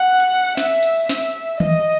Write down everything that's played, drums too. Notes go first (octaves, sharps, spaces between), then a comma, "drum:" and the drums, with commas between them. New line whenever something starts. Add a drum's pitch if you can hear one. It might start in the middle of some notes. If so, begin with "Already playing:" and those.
Already playing: F#5
drum: hi-hat
E5, drum: snare
drum: cymbal
E5, drum: snare
D#5, drum: tom D#3